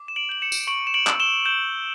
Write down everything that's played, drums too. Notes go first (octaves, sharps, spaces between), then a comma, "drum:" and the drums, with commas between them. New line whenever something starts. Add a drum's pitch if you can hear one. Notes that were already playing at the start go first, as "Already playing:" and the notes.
Already playing: D6
E7
D7 F#7
G6 F#7
C#7 E7
drum: tambourine
C#6 D7 F#7
E7
D7 F#7
E6, drum: clap
E7 G7
G6 E7 G7